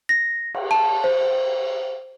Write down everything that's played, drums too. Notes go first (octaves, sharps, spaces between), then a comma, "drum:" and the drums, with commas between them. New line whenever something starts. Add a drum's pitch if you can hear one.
A#6
drum: cymbal
A5
C5